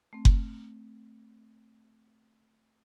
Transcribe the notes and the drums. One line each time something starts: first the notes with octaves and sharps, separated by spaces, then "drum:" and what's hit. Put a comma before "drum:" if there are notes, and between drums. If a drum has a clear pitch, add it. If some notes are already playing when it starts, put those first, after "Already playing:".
A3 C4
drum: kick F#1